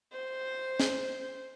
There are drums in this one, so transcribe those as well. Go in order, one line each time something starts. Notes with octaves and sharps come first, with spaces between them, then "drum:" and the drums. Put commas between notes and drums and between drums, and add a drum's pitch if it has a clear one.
C5
drum: snare